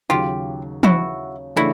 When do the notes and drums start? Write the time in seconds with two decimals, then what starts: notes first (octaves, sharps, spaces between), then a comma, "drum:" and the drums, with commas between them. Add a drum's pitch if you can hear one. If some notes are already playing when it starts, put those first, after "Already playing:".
0.09 D#2 C#3 F#3 F4 G4
0.83 E4 F#4, drum: tom E3
1.56 C#3 E3 A3 D4 E4 F#4